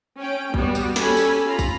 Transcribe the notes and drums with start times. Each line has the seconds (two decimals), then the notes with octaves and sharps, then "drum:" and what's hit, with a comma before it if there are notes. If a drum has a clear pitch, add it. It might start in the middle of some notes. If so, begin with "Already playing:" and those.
0.18 C#4 G5
0.54 G3 B3 F#4, drum: kick
0.75 drum: tambourine
0.96 C#4 G4 A4 G#5 B5, drum: snare
1.17 drum: tambourine
1.47 F4 A#5 B5
1.59 drum: kick, tambourine